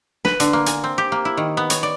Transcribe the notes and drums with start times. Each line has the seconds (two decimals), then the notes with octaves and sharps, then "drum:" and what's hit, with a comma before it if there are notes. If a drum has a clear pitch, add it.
0.25 B4, drum: snare
0.40 D3, drum: hi-hat
0.53 A#3
0.66 G#5, drum: hi-hat
0.84 C4
0.98 G4
1.12 A#3
1.25 E4
1.37 D#3
1.57 B3
1.70 C#5, drum: hi-hat
1.83 D5